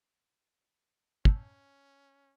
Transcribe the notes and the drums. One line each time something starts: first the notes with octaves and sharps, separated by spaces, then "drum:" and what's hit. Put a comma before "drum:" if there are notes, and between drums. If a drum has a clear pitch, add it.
C#4 A5 E6 G6, drum: kick